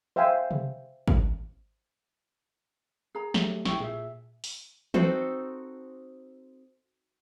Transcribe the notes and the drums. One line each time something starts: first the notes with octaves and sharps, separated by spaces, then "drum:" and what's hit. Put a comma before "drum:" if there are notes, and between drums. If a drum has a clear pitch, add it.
C5 E5 F5 G5 G#5 C6
drum: tom C3
drum: kick
G#4 A#5
F#3 A3 G4, drum: snare
A#1 E4 G4 C#6, drum: snare
A#2 G#4 E5
drum: open hi-hat
C4 D#4 F#4 A4, drum: tom E3